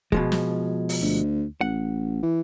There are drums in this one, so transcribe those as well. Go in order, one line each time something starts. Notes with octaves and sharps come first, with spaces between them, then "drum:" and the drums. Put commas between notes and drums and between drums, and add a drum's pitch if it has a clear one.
B2 F3 G#3, drum: kick
drum: snare
drum: open hi-hat
D2
A1 F#5
E3